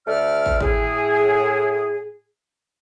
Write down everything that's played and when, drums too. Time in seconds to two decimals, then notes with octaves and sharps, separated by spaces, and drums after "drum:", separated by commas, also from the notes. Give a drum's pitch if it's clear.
0.07 D2 A3 D5 F6
0.46 drum: kick
0.60 A2 G#4, drum: kick